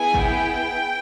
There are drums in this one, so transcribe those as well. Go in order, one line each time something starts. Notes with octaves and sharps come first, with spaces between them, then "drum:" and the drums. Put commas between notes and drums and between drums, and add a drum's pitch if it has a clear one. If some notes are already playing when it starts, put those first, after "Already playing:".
Already playing: B3 E4 G#4 G#5
drum: kick
G5